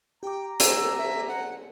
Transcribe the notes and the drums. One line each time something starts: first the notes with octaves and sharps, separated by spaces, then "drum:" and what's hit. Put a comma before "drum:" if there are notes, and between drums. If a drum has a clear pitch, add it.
G4 G5 A#5 D6
E6, drum: hi-hat
E5
F#5